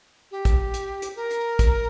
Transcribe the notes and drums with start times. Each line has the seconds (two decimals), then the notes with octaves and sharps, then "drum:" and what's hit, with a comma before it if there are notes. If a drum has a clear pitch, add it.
0.31 G4
0.45 drum: kick, hi-hat
0.74 drum: hi-hat
1.02 drum: hi-hat
1.16 A#4
1.31 drum: hi-hat
1.59 drum: kick, hi-hat